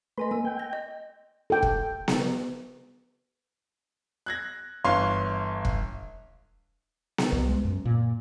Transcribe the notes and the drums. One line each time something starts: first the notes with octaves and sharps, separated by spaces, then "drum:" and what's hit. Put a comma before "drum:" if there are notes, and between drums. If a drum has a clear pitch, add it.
A3 B4 D#5 G#5 C6
A#3 G#5 E6
G5
A#6
D#5
A4 G5
drum: kick
drum: snare B3
F#6 G#6 A#6
G1 E3 C#5 F5 C6
drum: kick
drum: snare B3
C2
G#3
F#2
A#2